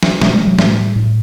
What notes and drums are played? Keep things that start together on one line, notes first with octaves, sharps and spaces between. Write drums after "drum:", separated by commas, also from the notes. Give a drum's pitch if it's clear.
drum: snare
B2 G#3 A#3, drum: snare
G3 A3
F#3 G#3
A2 G3 A3, drum: snare
A2